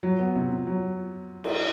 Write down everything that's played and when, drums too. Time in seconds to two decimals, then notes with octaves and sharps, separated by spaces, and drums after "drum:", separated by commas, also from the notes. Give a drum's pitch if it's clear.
0.03 F#3
0.19 B3
0.36 C3
0.52 C3
0.67 F#3
1.44 drum: cymbal